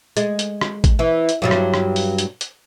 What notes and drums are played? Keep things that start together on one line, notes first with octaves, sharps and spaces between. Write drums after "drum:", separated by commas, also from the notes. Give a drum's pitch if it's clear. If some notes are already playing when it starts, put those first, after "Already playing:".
G#3, drum: hi-hat
drum: hi-hat
drum: rim click
drum: kick A1, hi-hat
E3
drum: hi-hat
G2 F#3 G3
drum: rim click
drum: rim click
drum: open hi-hat
drum: hi-hat
drum: hi-hat